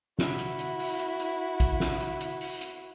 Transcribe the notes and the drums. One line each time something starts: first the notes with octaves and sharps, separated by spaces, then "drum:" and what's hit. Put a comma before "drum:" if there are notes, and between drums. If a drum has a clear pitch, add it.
E4 F#4, drum: snare
drum: hi-hat
drum: hi-hat
drum: open hi-hat
drum: hi-hat
drum: hi-hat
drum: kick A1, hi-hat
drum: snare
drum: hi-hat
drum: hi-hat
drum: open hi-hat
drum: hi-hat